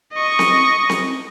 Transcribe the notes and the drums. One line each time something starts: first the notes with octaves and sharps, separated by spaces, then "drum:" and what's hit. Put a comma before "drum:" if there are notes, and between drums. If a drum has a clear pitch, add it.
D#5 C#6
drum: snare C4
drum: snare C4